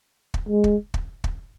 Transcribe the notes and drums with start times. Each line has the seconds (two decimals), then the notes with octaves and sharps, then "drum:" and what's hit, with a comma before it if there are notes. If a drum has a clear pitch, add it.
0.34 drum: kick
0.49 G#3
0.64 drum: kick
0.94 drum: kick
1.24 drum: kick